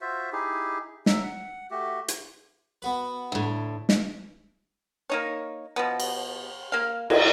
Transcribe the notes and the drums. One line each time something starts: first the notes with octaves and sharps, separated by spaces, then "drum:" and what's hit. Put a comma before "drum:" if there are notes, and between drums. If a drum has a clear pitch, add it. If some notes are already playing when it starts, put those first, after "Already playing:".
F4 F#4 C5 E5
D#4 E4 G4 G#4
F#3 E5, drum: snare
F#5
A3 F#4 G4
drum: hi-hat
B3 F#4 B4
D2 A2
drum: snare
A#3 D#4 C#5
B2 F3 B3
drum: cymbal
A#3 F5
F#3, drum: cymbal